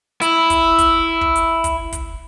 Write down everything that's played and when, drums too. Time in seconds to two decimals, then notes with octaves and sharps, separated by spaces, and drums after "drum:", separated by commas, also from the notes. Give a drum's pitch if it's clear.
0.21 E4, drum: hi-hat
0.50 drum: kick, hi-hat
0.78 drum: kick, hi-hat
1.21 drum: kick
1.35 drum: hi-hat
1.64 drum: kick, hi-hat
1.92 drum: kick, hi-hat